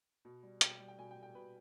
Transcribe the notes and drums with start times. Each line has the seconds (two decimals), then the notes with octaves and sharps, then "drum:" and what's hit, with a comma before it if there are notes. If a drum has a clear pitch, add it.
0.25 B2
0.43 G3
0.61 B2 G5, drum: hi-hat
0.80 G3
0.88 G5
0.98 B2 G#5
1.11 G5
1.16 G3
1.23 G5
1.34 B2 B4